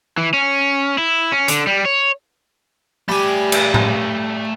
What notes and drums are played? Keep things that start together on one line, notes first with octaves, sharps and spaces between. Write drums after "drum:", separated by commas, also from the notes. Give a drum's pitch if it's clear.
E3
C#4
E4
C#4
D3, drum: hi-hat
G3
C#5
G3 A3 G4 G#5
drum: cymbal
drum: tom A2